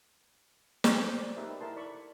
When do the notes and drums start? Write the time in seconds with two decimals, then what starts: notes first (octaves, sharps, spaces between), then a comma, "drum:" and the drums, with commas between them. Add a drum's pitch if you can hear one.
0.84 drum: snare
1.01 G#4 C5
1.18 D5
1.37 D#4 G4 A#4 B4 E5
1.60 E4 A4 A#4 A5 C6
1.76 D5 B5 C#6